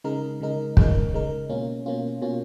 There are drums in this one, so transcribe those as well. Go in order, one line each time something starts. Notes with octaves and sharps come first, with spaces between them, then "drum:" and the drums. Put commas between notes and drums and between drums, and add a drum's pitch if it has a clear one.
C#3 G#3 D#4 A#4
C#3 G#3 D#4 A#4
C#3 G#3 D#4 A#4, drum: kick
C#3 G#3 D#4 A#4
B2 A#3 C#4 F4
B2 A#3 C#4 F4
B2 A#3 C#4 F4